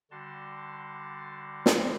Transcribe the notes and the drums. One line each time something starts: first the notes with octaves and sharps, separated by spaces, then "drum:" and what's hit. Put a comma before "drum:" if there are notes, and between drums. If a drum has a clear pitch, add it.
D3 G3 F#4 A5 C6
drum: snare